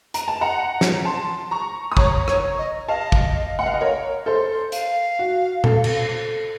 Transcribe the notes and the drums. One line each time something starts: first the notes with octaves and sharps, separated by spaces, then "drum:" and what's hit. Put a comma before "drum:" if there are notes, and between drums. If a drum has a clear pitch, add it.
A#5, drum: hi-hat
A5
F#5 A#5
drum: snare
A5 C6
A#5 C#6
D#6
C#5 A#5 C#6, drum: kick A1
C#5, drum: rim click
D#5
D#5 F5 A5
drum: kick A1
F#5
F5
D#5
A#4 C#5
A4 C5
F5, drum: hi-hat
F#4
A4, drum: tom A#2
drum: cymbal